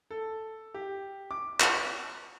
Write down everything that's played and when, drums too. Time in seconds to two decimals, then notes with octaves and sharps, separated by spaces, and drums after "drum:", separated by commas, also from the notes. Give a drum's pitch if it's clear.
0.11 A4
0.74 G4
1.31 D6
1.60 drum: clap